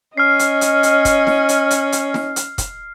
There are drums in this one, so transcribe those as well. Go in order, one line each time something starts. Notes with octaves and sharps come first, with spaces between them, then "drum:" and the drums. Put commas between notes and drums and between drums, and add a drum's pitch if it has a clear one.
C#4 D#5 F6 C7
drum: hi-hat
drum: hi-hat
drum: hi-hat
drum: kick, hi-hat
drum: snare
drum: hi-hat
drum: hi-hat
drum: hi-hat
drum: snare
drum: hi-hat
drum: kick, hi-hat